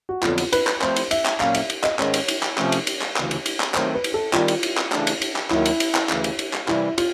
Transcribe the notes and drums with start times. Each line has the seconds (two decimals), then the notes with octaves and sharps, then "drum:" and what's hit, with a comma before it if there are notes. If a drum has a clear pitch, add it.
0.09 F#4
0.23 F2 D3 F#3 B3 F4, drum: clap
0.38 drum: cymbal
0.52 B4, drum: cymbal
0.67 drum: clap
0.81 F3 A3 C4 E4 C5, drum: clap
0.96 drum: cymbal
1.11 E5, drum: cymbal
1.26 drum: clap
1.40 A#2 F#3 A#3 C#4 F5, drum: clap
1.54 E5, drum: cymbal
1.70 drum: cymbal
1.84 D#5, drum: clap
1.99 G#2 D#3 G#3 C#4 C#5, drum: clap
2.14 drum: cymbal
2.28 drum: cymbal
2.43 drum: clap
2.58 C3 F3 A3 C#4, drum: clap
2.72 drum: cymbal
2.87 drum: cymbal
3.02 drum: clap
3.16 D2 C#3 E3, drum: clap
3.31 drum: cymbal
3.46 drum: cymbal
3.60 drum: clap
3.74 D#3 F#3 A3 C4 C5, drum: clap
3.95 B4
4.04 drum: cymbal
4.14 A4
4.33 D#3 G3 C4 F4, drum: clap
4.48 drum: cymbal
4.63 drum: cymbal
4.78 drum: clap
4.92 C#3 E3 A3 D4, drum: clap
5.07 drum: cymbal
5.21 drum: cymbal
5.36 drum: clap
5.50 D#2 D#3 F#3 E4, drum: clap
5.65 drum: cymbal
5.80 drum: cymbal
5.95 drum: clap
6.09 D2 C#3 E3, drum: clap
6.24 drum: cymbal
6.39 drum: cymbal
6.53 drum: clap
6.68 C3 E3 G3 E4, drum: clap
6.98 F4, drum: cymbal